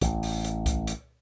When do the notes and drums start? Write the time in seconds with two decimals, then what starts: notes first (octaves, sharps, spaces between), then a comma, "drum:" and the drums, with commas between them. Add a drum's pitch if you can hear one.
0.01 A1, drum: kick C2, hi-hat
0.23 drum: open hi-hat
0.44 drum: hi-hat
0.66 drum: kick C2, hi-hat
0.87 drum: hi-hat